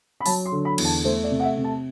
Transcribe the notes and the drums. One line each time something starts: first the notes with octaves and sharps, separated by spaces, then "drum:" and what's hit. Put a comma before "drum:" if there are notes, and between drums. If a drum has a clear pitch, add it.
B5
F#3 A5, drum: open hi-hat
C6
D3
B5
E2, drum: cymbal
A5
A3 C5
D5
C3
F#5
E5
C3
A5